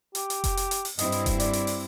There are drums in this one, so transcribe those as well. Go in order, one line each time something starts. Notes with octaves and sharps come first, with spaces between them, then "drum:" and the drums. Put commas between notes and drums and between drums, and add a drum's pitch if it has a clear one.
G4, drum: hi-hat
drum: hi-hat
drum: kick F1, hi-hat
drum: hi-hat
drum: hi-hat
drum: open hi-hat
G2 C4 E4 D#5, drum: hi-hat
drum: hi-hat
drum: kick F1, hi-hat
D5, drum: hi-hat
drum: hi-hat
drum: open hi-hat